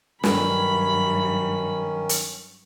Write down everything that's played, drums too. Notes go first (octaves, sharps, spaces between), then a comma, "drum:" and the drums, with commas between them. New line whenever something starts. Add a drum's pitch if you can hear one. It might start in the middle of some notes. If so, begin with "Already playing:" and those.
G2 D#3 F#3 C#4 B5, drum: snare
drum: hi-hat